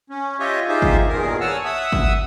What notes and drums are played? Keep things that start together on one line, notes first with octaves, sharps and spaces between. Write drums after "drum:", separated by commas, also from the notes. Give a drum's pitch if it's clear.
C#4
F4 G4 C#5 D#5 E5
D#4 F4 G4 G#4 C5 E5
drum: kick G#1
E2 G2 A#2 D#3 G#4 A#4
C#5 F#5 G#5 A5 E6 F6
E5 F#5 D#6 E6
drum: kick G#1